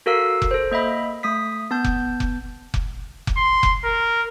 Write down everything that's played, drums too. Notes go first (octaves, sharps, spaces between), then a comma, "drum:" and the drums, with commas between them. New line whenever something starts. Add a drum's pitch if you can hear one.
F#4 A4 A#4 F5 E6
drum: kick F1
A4 C5
A#3 D#5 E5 B5
A3 D#6 B6
B3 A5 G6
drum: kick F1
drum: kick F1
drum: kick F1
drum: kick F1
C6
drum: kick F1
A#4